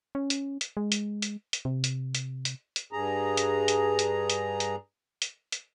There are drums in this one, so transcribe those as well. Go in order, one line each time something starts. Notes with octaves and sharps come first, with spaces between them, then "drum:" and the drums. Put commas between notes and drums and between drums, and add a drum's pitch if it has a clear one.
C#4
drum: hi-hat
drum: hi-hat
G#3
drum: hi-hat
drum: hi-hat
drum: hi-hat
C3
drum: hi-hat
drum: hi-hat
drum: hi-hat
drum: hi-hat
G2 G#4 A#5
drum: hi-hat
drum: hi-hat
drum: hi-hat
drum: hi-hat
drum: hi-hat
drum: hi-hat
drum: hi-hat